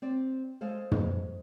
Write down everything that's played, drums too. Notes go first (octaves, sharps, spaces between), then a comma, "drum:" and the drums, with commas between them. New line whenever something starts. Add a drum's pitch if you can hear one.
C4 D5
G#3 A4 C5 F5
drum: tom